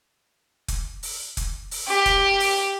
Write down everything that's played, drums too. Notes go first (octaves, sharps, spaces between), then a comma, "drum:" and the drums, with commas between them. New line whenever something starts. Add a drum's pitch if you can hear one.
drum: kick F1, hi-hat
drum: open hi-hat
drum: kick F1, hi-hat
drum: open hi-hat
G4
drum: kick F1, hi-hat
drum: open hi-hat